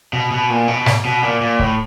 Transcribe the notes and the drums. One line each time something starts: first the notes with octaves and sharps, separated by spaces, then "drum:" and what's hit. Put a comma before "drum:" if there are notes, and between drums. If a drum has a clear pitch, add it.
B2
B2
A#2
B2
drum: snare
B2
A#2
A#2
A2, drum: kick